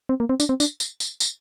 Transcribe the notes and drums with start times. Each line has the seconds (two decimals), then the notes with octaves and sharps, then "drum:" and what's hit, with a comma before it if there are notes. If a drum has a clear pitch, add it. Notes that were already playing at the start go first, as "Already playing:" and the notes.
0.09 C4
0.20 A#3
0.29 C4
0.40 D4, drum: tambourine
0.49 C4
0.60 D4, drum: tambourine
0.80 drum: tambourine
1.00 drum: tambourine
1.20 drum: tambourine